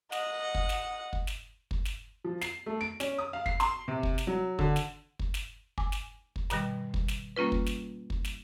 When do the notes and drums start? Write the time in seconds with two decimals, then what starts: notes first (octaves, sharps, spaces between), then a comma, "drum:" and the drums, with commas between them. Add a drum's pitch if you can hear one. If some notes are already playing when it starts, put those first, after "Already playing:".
0.12 D#5 F#5, drum: snare
0.55 drum: kick
0.69 drum: snare
1.13 drum: kick
1.27 drum: snare
1.71 drum: kick
1.85 drum: snare
2.24 F3
2.41 C7, drum: snare
2.66 A3
2.81 D7
3.00 C#4, drum: snare
3.18 D#6
3.33 F5
3.46 C7, drum: kick
3.60 C6, drum: snare
3.88 C3
4.03 drum: kick
4.18 drum: snare
4.27 F#3
4.59 D3, drum: kick
4.76 drum: snare
5.19 drum: kick
5.34 drum: snare
5.78 G#5 D6, drum: kick
5.92 drum: snare
6.36 drum: kick
6.50 G2 B2 D#3 G3, drum: snare
6.94 drum: kick
7.08 drum: snare
7.36 G3 A#3 C#4 F4 B4
7.52 drum: kick
7.66 drum: snare
8.10 drum: kick
8.25 drum: snare